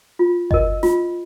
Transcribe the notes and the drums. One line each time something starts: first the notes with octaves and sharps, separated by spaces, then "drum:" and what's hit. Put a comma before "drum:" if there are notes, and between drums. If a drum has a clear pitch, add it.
F4
A#4 D#5, drum: kick G1
F4, drum: snare